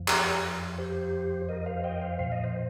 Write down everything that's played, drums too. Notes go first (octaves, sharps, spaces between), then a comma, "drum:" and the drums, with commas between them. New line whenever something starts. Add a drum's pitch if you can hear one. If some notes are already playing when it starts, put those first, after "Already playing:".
Already playing: F2 F3
G4, drum: clap
G4
G4 C5
A#4 D#5
C5 F5
D#5 G5
C5 F5
A#2 F3 F5
D#5
C5